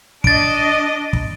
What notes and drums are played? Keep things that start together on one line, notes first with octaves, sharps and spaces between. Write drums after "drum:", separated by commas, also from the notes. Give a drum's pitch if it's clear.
D4 D#5 A6 D7, drum: kick
drum: kick